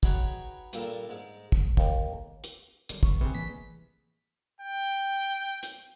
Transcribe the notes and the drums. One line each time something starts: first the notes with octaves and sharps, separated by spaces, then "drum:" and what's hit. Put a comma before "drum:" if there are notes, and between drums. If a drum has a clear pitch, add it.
D#4 F#4 G#4 B4 C#5 G5, drum: kick
G2 A#2 A4 A#4, drum: hi-hat
G#2 G#3
drum: kick
D#2, drum: kick
drum: hi-hat
F#1 D3 G3, drum: hi-hat
F#1 D2 C#6, drum: kick
F#1 A2 C3 G3 G#4 B4
E3 A#3 B6
G5
drum: hi-hat